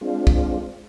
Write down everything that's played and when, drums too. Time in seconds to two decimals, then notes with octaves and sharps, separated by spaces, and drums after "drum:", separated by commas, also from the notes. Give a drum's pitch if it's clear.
0.01 G#3 C4 D4 F4
0.27 drum: kick